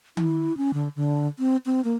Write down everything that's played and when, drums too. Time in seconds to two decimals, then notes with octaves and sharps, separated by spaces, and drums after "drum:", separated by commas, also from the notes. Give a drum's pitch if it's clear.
0.17 E4, drum: tom D#3
0.57 C#4
0.74 D3
0.96 D3
1.39 C4
1.66 C4
1.84 A#3